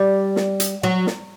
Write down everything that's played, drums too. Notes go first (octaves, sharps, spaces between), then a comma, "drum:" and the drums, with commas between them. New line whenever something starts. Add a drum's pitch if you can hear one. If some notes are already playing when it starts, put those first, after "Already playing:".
Already playing: G3
drum: snare
drum: hi-hat
F#3
drum: snare